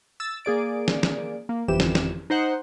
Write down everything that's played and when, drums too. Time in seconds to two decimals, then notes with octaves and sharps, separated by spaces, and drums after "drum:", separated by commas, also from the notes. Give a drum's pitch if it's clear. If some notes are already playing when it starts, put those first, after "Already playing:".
0.20 E6 A6
0.45 A#3 G#4 D5 D7
0.88 drum: snare
1.03 drum: snare
1.49 A#3
1.68 G1 F2 E3 G4 E7
1.80 drum: snare
1.95 drum: snare
2.30 D#4 C5 F#5